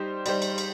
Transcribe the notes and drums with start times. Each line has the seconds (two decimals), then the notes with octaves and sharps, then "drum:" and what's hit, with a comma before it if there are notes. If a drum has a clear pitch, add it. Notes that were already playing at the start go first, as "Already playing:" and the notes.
Already playing: G3 D#4 G4 C5
0.26 G3 D#4 G4 C5, drum: cymbal
0.42 drum: cymbal
0.58 drum: cymbal